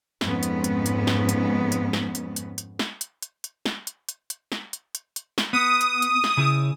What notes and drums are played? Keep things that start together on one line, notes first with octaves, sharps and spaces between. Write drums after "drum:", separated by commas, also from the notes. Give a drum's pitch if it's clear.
F2 G#2 B3 C#4, drum: snare
drum: hi-hat
drum: hi-hat
drum: hi-hat
drum: snare
drum: hi-hat
drum: hi-hat
drum: snare
drum: hi-hat
drum: hi-hat
drum: hi-hat
drum: snare
drum: hi-hat
drum: hi-hat
drum: hi-hat
drum: snare
drum: hi-hat
drum: hi-hat
drum: hi-hat
drum: snare
drum: hi-hat
drum: hi-hat
drum: hi-hat
drum: snare
B3 D#6
drum: hi-hat
drum: hi-hat
drum: snare
C#3 E4